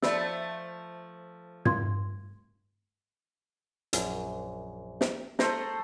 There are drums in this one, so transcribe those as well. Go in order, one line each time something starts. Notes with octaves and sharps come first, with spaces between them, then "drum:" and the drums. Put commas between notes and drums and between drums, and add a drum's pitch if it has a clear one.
F3 A3 D5 B5 E6, drum: snare
C6 G#6, drum: tom
A#1 F#2 G#5, drum: hi-hat
drum: snare
G#3 A3 C5 A#5, drum: snare